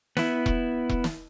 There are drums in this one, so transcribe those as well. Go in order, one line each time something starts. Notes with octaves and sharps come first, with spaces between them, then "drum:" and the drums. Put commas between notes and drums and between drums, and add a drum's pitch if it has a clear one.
B3 E4, drum: snare
drum: kick E1
drum: kick E1
drum: snare